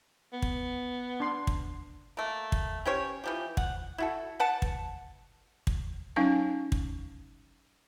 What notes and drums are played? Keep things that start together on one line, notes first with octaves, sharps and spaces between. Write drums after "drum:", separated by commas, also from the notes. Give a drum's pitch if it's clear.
B3
drum: kick
D4 C6
drum: kick
A3 A#3
drum: kick
C#4 G4 C5 C#5
E3 F3 G4
F#5, drum: kick
E4 F#4 A4
B4 F#5 A5
drum: kick
drum: kick
F#3 C#4 D#4 F5 G#5
drum: kick